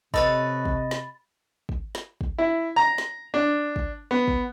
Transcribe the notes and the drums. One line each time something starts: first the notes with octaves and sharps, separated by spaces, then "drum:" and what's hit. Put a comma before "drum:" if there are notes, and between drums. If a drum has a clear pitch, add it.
C3 A4 B4 C#5 D#5 B5 A6, drum: kick
drum: kick
drum: snare
drum: kick
drum: snare
drum: kick
E4
A#5
drum: snare
D4
drum: kick
B3
drum: kick